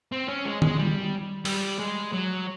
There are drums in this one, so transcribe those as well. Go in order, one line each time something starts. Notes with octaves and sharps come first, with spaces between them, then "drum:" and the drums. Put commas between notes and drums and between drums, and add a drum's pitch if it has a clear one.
C4
C#4
G#3
G#3, drum: tom D#3
G3
G3, drum: open hi-hat
G#3
F#3